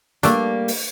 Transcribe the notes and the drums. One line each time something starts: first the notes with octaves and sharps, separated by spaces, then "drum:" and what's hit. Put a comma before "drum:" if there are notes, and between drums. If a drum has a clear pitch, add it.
G3 A3 A#3 D4, drum: hi-hat
drum: open hi-hat